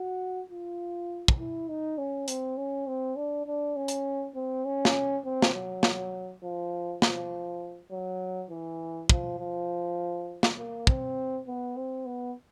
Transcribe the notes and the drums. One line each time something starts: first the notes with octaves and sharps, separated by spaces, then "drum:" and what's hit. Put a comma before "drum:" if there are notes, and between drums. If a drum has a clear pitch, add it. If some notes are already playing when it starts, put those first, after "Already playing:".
Already playing: F#4
F4
drum: kick
E4
D#4
C#4
C4, drum: hi-hat
C#4
C4
D4
D4
C#4
drum: hi-hat
C4
C#4
drum: snare
C4
drum: snare
F#3
drum: snare
F3
F3, drum: snare
F#3
E3
F3, drum: kick
F3
drum: snare
A#3
C4, drum: kick
B3
C4
B3